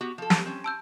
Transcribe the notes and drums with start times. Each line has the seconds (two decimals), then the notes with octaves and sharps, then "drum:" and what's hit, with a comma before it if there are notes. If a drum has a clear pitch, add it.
0.01 B3 F#4 G4
0.18 F3 A4
0.30 G4, drum: snare
0.46 C4 C#4
0.64 A5 E6 G6